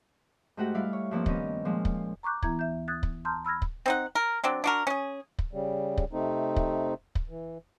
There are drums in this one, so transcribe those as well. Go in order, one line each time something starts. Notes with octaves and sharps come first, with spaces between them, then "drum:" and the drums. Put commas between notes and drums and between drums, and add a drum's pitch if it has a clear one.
G#2 A3 F#4 G4 F#5
G3 E4 F5
C#5
G2 F3 A#3 C4
D#3 B3 C#4, drum: kick
A#2 F3 G#3
drum: kick
A#5 C#6 D6 F#6 G6
E3 B3 E4 A#5 G#6, drum: kick
D2 E5 G6
D#6 F#6 G#6 A6
drum: kick
A5 A#5 C6 D#6 F6 G6
B5 E6 F6 G#6 A#6
drum: kick
C4 D#4 F#5
A#4
F#3 C4 D4
D4 F#4 A#4
C#4 G#4
drum: kick
C#3 G3
drum: kick
C3 A3 C4 D#4
drum: kick
drum: kick
E3